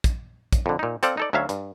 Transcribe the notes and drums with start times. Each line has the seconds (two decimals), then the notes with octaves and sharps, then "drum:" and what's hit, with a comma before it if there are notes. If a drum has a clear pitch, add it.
0.04 drum: kick, hi-hat
0.53 drum: kick, hi-hat
0.66 F2 D3
0.79 A#2 D#4
1.03 C4 A4 C5 D5 F5, drum: hi-hat
1.17 D#4 A4 D5
1.33 D2 F#3 C#4 E5 F5
1.49 G2, drum: hi-hat